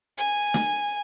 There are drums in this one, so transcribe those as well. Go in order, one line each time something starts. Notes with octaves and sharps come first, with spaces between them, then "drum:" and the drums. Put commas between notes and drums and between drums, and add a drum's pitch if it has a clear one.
G#5
drum: snare